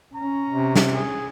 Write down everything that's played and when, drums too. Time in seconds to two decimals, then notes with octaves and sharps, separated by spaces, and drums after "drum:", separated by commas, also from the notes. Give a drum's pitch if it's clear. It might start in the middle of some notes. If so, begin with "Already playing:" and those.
0.15 C#4 A#5
0.50 C3
0.76 drum: snare
0.94 G#4